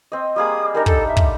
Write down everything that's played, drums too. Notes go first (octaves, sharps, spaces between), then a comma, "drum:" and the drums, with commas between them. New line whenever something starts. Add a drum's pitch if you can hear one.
C4 D#5
G3 A#3 G#4 D#6
G3 D4 D#4 A#4
A4, drum: kick
E5
drum: kick